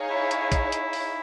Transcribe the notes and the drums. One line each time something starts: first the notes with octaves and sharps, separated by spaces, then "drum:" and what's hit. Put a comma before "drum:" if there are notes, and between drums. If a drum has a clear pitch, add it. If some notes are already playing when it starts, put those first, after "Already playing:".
Already playing: D#4 G#4 C#5 F5
E4
drum: hi-hat
drum: kick, hi-hat
drum: hi-hat
drum: open hi-hat